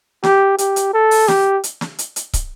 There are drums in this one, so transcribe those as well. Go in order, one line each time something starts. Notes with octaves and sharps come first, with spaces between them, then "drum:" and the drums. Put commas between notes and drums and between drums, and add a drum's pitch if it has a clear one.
G4, drum: snare
G4, drum: hi-hat
drum: hi-hat
A4
drum: open hi-hat
G4, drum: snare
drum: hi-hat
drum: snare
drum: hi-hat
drum: hi-hat
drum: kick, hi-hat